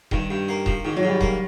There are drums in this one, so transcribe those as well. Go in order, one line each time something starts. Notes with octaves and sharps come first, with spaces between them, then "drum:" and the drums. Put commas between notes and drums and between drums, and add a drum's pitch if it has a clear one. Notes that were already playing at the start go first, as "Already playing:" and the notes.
G2 D#3, drum: kick D#1
G2
A#3
F3, drum: kick D#1
G#2 D#3
F#3
G#2
G3
A#3, drum: kick D#1